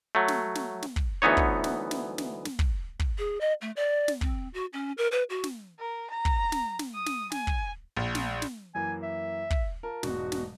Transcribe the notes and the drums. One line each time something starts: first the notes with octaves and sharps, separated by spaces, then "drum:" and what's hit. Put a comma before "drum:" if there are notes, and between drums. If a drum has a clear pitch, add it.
F#3 A3
drum: snare
drum: snare
drum: snare
drum: kick
D2 E3 B3 D#4 C#5
drum: kick
drum: snare
drum: snare
drum: snare
drum: snare
drum: kick
drum: kick
G#4
D#5
A3
D5
drum: snare
C4, drum: kick
F#4
C#4
A#4
B4
F#4
drum: snare
A#4
A#5
drum: kick
drum: snare
drum: snare
D#6
drum: snare
G#5, drum: snare
drum: kick
A#1
drum: snare
drum: snare
F#2 E3 A#3 G#5
E5
drum: kick
F4 A#4 A5
E1 G#2 B2 F#4, drum: snare
drum: snare